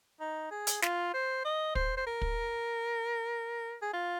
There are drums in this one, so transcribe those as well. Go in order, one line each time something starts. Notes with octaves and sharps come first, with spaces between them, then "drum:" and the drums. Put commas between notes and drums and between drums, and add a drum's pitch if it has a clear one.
D#4
G#4
drum: hi-hat
F4, drum: snare
C5
D#5
C5, drum: kick
C5
A#4
drum: kick
G#4
F4